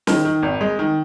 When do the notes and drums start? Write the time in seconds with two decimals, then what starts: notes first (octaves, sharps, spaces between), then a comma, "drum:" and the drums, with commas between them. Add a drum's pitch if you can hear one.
0.07 D#3, drum: snare
0.25 D#3
0.43 G#1
0.61 G#3
0.79 D#3